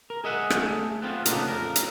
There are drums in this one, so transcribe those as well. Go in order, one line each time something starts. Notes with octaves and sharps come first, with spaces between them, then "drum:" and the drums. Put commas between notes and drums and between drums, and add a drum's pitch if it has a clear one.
A#4
G#4 D#5 E5 F#5
drum: rim click
A3 G#4
B3 C4 F4
A#2 C#3 A3 B3 D4 D#4, drum: hi-hat
F2 A#4
drum: hi-hat